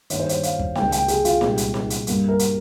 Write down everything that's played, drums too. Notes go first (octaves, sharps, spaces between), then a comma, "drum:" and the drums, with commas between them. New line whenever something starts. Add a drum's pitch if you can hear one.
G2 D#3 G3 A#3 C#5, drum: hi-hat
C5
C#5, drum: hi-hat
F5, drum: hi-hat
drum: kick
C#2 C3 F3 A#3 G5, drum: snare
G5, drum: hi-hat
G#4, drum: hi-hat
F4, drum: hi-hat
C2 A#2 G#3 G4, drum: snare
drum: hi-hat
drum: snare
drum: hi-hat
G2 G3 A#3, drum: hi-hat
A#4
drum: hi-hat